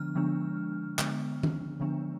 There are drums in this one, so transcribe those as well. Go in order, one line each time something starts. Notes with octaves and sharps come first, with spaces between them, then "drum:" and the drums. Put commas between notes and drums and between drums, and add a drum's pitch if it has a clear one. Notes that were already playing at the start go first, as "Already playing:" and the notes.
Already playing: D3 F3 G#3 B3 D4 F6
D3 F3 G#3 B3 D4
D3 F3 G#3 B3 D4, drum: clap
drum: tom D#3
D3 F3 G#3 B3 D4